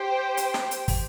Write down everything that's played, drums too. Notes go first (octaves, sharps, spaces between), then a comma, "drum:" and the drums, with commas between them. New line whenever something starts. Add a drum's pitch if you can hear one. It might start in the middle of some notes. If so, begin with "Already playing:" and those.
Already playing: G4 C5 G5
drum: hi-hat
drum: snare
drum: hi-hat
drum: kick, open hi-hat